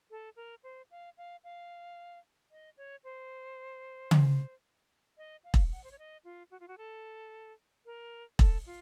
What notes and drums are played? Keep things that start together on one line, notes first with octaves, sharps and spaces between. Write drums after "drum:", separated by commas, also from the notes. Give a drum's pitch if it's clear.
A4
A#4
C5
F5
F5
F5
D#5
C#5
C5
drum: tom C#3
D#5
F5
drum: kick E1
F#5
C5
C#5
D#5
F4
F#4
F4
F#4
A4
A#4
A4, drum: kick E1
F4